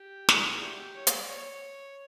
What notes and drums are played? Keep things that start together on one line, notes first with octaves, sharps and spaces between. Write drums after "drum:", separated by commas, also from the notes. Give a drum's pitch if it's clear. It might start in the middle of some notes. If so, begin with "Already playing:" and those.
Already playing: G4
drum: snare
F#4
G#4
D4 E4 G4
C#5
C5, drum: hi-hat
D5
C#5
C#5